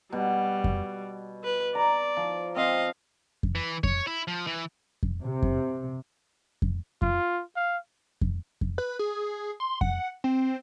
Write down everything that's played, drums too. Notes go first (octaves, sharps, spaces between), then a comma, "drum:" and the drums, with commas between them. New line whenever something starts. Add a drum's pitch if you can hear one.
B2 G3
drum: kick F2
B4
D5 A#5
F3
C4 D#5 F5
drum: kick F2
E3
C#5, drum: kick F2
E4
F3
E3
drum: kick F2
C3
drum: kick F2
drum: kick F2
F4, drum: kick F2
F5
drum: kick F2
drum: kick F2
B4
G#4
C6
F#5, drum: kick F2
C4